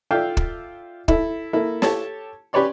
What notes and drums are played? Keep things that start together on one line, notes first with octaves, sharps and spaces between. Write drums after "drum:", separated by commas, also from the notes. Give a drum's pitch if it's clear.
F4 A4 D5 E5 F5 G5
drum: kick
E4 A4, drum: kick
A#3 E4 A4
G4 A4 C#5 A5, drum: snare
C#4 G4 B4 C#5 D5 C6